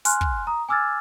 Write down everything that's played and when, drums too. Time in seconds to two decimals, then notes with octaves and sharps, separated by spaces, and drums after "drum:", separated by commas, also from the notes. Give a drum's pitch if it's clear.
0.05 G#5 C6 F6 F#6, drum: hi-hat
0.21 drum: kick
0.47 A#5 D#6
0.69 G#5 D6 E6 F6 G#6 A6